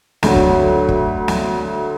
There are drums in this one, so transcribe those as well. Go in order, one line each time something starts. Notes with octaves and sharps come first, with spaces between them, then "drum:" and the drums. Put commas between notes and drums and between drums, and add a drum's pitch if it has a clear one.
D2 D3 F#3, drum: snare
drum: kick
drum: kick
drum: snare